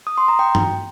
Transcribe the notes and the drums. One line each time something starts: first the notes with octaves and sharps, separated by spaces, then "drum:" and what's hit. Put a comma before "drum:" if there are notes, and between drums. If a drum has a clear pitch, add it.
D#6
C6
A#5
G5
drum: tom G2